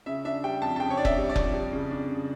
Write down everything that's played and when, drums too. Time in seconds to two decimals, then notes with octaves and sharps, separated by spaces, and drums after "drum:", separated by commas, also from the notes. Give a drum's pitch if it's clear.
0.06 C#3 E5
0.25 D4 E5
0.44 G3 G5
0.62 F2 A5
0.76 A5
0.80 C#3 G5
0.90 C#5
0.97 D4 D5
1.05 E5, drum: kick F1
1.18 G3
1.29 D5
1.36 F2, drum: kick F1
1.54 G3
1.73 C#3
1.91 D4
2.10 C#3